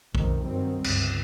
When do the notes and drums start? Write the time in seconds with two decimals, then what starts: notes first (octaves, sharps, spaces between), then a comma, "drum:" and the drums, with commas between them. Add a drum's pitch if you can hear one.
0.15 B1 F2 G#2 C3 D#3, drum: kick A1
0.44 G2 D#3 F#3 G3 C4
0.84 G1 C#2 G2, drum: cymbal